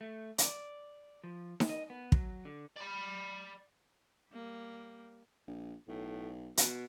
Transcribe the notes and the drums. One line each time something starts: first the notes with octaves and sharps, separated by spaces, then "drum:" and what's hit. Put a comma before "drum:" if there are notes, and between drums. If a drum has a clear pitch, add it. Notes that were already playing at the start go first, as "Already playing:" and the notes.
A3
D5, drum: hi-hat
F3
drum: snare D#4
D#5
B3
F#3, drum: kick
D3
D5 B5
G3 A#3
A#1
B1 A2
B2, drum: hi-hat